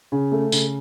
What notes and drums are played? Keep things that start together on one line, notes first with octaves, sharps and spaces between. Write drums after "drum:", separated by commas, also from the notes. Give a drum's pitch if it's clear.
C#3
A3
C#3, drum: tambourine